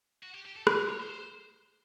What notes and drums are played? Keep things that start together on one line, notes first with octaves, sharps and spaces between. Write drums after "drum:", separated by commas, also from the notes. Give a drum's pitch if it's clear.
F#4
G4
G4
A4
B4, drum: rim click
A#4
C#5
C5
C5